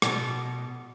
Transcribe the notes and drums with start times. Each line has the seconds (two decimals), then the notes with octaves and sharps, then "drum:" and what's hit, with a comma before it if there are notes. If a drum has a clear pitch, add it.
0.02 B2, drum: rim click